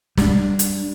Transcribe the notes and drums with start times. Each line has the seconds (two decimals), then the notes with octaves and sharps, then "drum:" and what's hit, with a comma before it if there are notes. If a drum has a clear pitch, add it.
0.18 G3 D4, drum: snare
0.59 drum: hi-hat